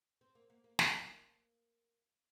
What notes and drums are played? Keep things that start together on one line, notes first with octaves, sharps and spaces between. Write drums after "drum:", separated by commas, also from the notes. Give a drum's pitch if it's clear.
C4
A#3
A#3
A#3
A#3, drum: snare